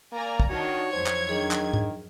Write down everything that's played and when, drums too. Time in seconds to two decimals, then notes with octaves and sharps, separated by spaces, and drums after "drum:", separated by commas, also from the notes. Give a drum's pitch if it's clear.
0.13 A#3 D5 G#5 A#5
0.40 drum: kick
0.49 D#3 D4 F#4 C#5
0.92 F2 F#3 C5 G#6
1.07 drum: clap
1.29 D#3 D4 G#4
1.51 drum: clap
1.74 drum: tom G#2